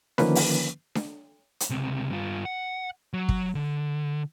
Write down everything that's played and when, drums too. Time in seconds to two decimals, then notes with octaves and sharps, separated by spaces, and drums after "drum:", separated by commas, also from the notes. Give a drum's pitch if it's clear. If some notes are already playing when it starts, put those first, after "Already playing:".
0.18 D3 D#3 F3 A#3 C#4 B4, drum: snare D4
0.35 drum: open hi-hat
0.95 drum: snare D4
1.60 drum: hi-hat
1.70 C#2 C3
2.11 G2 F4
2.45 F#5
3.13 F#3
3.29 drum: kick
3.55 D3